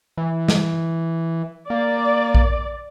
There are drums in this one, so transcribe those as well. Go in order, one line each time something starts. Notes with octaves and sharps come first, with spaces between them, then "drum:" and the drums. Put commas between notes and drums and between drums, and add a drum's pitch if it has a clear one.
E3
drum: snare
A#3 D5
drum: kick A#1